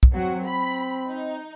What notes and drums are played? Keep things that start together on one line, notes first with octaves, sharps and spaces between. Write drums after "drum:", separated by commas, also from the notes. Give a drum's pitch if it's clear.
drum: kick
F#3 C4 F#4
B5
D#4